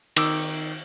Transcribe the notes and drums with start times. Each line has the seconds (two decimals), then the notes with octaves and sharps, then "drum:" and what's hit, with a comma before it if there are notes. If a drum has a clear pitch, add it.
0.16 D#3 D6 E6, drum: cymbal